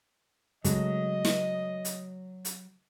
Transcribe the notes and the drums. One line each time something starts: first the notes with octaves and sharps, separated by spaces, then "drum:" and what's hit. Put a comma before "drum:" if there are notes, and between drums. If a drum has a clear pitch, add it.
C#3 F#3 G#3 A3 D#5, drum: kick, hi-hat
drum: snare
drum: hi-hat
drum: hi-hat